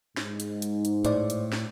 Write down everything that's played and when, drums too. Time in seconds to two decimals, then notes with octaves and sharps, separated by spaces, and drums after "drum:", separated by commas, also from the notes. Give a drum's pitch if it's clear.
0.17 G#2, drum: snare
0.40 drum: hi-hat
0.62 drum: hi-hat
0.85 drum: hi-hat
1.05 A2 C5 D5, drum: hi-hat
1.30 drum: hi-hat
1.52 drum: snare